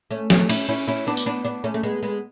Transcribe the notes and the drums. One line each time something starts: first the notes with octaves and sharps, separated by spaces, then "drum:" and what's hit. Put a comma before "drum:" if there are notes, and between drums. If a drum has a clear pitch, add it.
A3 C#4
A3 C#4, drum: snare
C#4 E4, drum: cymbal
C#4 E4
C#4 E4
B3 D4
drum: tambourine
B3 D4
B3 D4
A3 C#4
A3
G#3 B3
G#3 B3